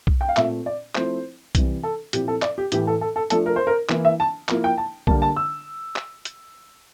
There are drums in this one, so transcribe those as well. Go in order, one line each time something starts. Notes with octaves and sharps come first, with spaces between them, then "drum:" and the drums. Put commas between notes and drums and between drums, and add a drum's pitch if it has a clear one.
drum: kick B1
G5
F5
A#2 A3 C4 E5, drum: clap
D5
F3 A3 C4 E4 C5, drum: clap
C3 E3 G3, drum: kick B1, hi-hat
A4
A#2 F3 C4 E4 G4, drum: hi-hat
A4
D5, drum: clap
G4
A2 E3 A3 G4, drum: hi-hat
A4
A4
A4
F3 A3 D4 A4, drum: hi-hat
A#4
C5
A#4
E3 A#3 E4, drum: clap
E5
A5
F3 A#3 E4, drum: clap
G5
A5
D3 G3 A#3 A5, drum: kick B1
A5
E6
drum: clap
drum: hi-hat